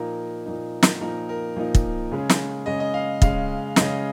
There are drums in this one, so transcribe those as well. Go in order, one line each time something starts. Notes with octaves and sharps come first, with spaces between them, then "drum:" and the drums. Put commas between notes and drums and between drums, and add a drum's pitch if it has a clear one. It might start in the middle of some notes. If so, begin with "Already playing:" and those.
Already playing: A#2 F3 A#3 D#4 A#4
A#2 F3 A#3 D#4
drum: snare
A#2 F3 A#3 D#4 A#4
A#4
A#2 F3 A#3 D#4
drum: kick
C#3 G#3 C#4
drum: snare
C#3 G#3 C#4 D#5
D#5
F5
C#3 G#3 C#4 F5, drum: kick
C#3 G#3 C#4 D#5, drum: snare